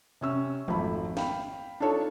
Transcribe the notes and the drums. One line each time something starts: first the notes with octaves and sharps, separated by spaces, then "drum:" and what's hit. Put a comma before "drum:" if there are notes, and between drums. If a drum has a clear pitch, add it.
C3 C#4 E6
G#1 F2 A3 B5, drum: tom E3
F5 G5 B5, drum: snare
D4 D#4 F4 A4 C#5